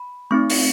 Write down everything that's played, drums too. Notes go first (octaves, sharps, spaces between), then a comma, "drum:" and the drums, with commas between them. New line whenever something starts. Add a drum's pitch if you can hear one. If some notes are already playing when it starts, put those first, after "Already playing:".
Already playing: B5
A3 C4 D#4 C#6
drum: open hi-hat